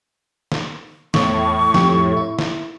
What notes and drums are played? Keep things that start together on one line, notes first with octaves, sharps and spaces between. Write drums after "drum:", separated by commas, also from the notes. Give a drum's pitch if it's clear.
drum: snare
E2 A2 C#6, drum: snare
F2 G4, drum: snare
E4
drum: snare